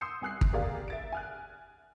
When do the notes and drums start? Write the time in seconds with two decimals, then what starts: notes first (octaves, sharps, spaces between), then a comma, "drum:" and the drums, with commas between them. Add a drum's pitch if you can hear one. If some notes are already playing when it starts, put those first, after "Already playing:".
0.01 C6 D#6 E6 G6 C7 C#7
0.21 C2 G#5 F#6 C7
0.41 drum: kick
0.53 A#3 G4 G#4 A#4 D5 F5
0.88 E5 A6 D7
1.12 G#5 F6 F#6